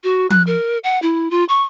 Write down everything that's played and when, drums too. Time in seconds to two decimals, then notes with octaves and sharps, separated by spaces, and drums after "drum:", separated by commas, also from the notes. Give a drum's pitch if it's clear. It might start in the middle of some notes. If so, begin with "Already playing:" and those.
0.04 F#4
0.30 F#6, drum: tom F3
0.47 A#4
0.84 F#5
1.02 E4
1.31 F4
1.49 C#6